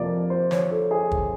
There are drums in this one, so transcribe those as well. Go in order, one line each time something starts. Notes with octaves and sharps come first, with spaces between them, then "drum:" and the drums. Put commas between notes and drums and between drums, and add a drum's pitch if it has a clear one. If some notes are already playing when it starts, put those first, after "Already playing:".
Already playing: F2 C3 F3 A#3 D5
C5
C#5, drum: snare
A4
G#4
drum: kick